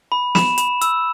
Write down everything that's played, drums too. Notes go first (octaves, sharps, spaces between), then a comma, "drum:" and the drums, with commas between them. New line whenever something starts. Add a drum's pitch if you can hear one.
B5
B5 E7, drum: snare
B5, drum: hi-hat
E6, drum: hi-hat